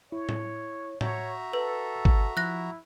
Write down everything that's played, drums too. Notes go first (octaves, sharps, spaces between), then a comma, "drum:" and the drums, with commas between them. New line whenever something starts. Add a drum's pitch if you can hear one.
E4 C#5
drum: tom A2
F#4 C#5 E5 A#5 G6, drum: tom A2
A4 B4
drum: kick
F3 E4 F#6 A#6